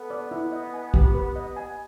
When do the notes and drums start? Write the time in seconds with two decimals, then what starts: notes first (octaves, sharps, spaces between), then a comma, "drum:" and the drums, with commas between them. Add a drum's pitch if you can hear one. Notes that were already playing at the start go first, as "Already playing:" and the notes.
Already playing: B3 A4
0.10 D5
0.31 E4
0.52 D#5
0.74 G#5
0.94 G4, drum: kick
1.15 B4
1.36 D#5
1.56 G#5